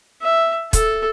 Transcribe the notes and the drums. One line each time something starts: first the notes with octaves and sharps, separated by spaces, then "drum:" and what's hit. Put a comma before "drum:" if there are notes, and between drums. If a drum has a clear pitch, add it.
E5
A4, drum: kick, hi-hat